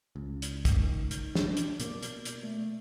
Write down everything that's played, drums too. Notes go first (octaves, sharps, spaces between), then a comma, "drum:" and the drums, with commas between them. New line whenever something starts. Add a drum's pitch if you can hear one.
C#2
drum: hi-hat
drum: kick, hi-hat
D#3
drum: hi-hat
D4, drum: snare
drum: hi-hat
B2 A#3 D5, drum: hi-hat
drum: hi-hat
drum: hi-hat
A3